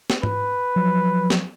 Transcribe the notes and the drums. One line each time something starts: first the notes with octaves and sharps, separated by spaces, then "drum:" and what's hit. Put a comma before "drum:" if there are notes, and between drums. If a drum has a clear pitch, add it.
drum: snare
B4, drum: tom G#2
F3 F#3
drum: snare